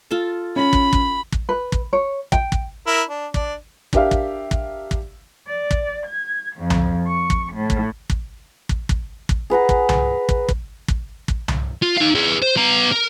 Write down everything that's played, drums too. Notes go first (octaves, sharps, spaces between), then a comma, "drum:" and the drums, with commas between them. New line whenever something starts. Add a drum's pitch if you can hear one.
F4 A4 A5
C#4 B5
drum: kick
drum: kick
drum: kick
B4
drum: kick
C#5
G5, drum: kick
drum: kick
E4 A#4
D4
D4 D5, drum: kick
D4 G4 A#4 E5 F5, drum: kick
drum: kick
drum: kick
drum: kick
D5
drum: kick
G#6
F2
drum: tom C2
C#6
drum: kick
A2
drum: kick
drum: kick
drum: kick
drum: kick
drum: kick
G#4 B4 F#5 A#5
drum: kick
drum: tom C2
drum: kick
drum: kick
drum: kick
drum: kick
drum: tom C2
F4
D#4 F5
G#4 B4
C5
B3 A#5
A#4